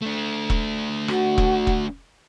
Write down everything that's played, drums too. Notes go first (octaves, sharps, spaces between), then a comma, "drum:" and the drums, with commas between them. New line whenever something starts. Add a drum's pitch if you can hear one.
A3 D4
drum: kick E1
F#4, drum: rim click
drum: kick E1
drum: kick E1